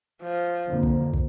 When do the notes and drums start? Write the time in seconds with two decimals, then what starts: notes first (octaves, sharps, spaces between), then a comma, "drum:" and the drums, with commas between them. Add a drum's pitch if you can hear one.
0.22 F3
0.68 F2 D3 F3 A#3
0.83 drum: kick
1.13 drum: kick